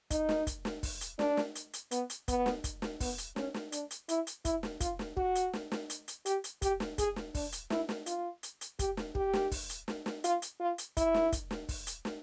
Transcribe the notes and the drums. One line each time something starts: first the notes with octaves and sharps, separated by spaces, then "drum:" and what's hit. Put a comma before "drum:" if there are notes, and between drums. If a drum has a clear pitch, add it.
D#4, drum: kick, hi-hat
drum: snare
drum: kick, hi-hat
drum: snare
drum: kick, open hi-hat
drum: hi-hat
D4, drum: snare
drum: snare
drum: hi-hat
drum: hi-hat
B3, drum: hi-hat
drum: hi-hat
B3, drum: kick, hi-hat
drum: snare
drum: kick, hi-hat
drum: snare
B3, drum: kick, open hi-hat
drum: hi-hat
C#4, drum: snare
drum: snare
D4, drum: hi-hat
drum: hi-hat
E4, drum: hi-hat
drum: hi-hat
E4, drum: kick, hi-hat
drum: snare
F4, drum: kick, hi-hat
drum: snare
F#4, drum: kick
drum: hi-hat
drum: snare
drum: snare
drum: hi-hat
drum: hi-hat
G4, drum: hi-hat
drum: hi-hat
G4, drum: kick, hi-hat
drum: snare
G#4, drum: kick, hi-hat
drum: snare
D4, drum: kick, open hi-hat
drum: hi-hat
E4, drum: snare
drum: snare
F4, drum: hi-hat
drum: hi-hat
drum: hi-hat
G4, drum: kick, hi-hat
drum: snare
G4, drum: kick
drum: snare
drum: kick, open hi-hat
drum: hi-hat
drum: snare
drum: snare
F4, drum: hi-hat
drum: hi-hat
F4
drum: hi-hat
E4, drum: kick, hi-hat
drum: snare
drum: kick, hi-hat
drum: snare
drum: kick, open hi-hat
drum: hi-hat
drum: snare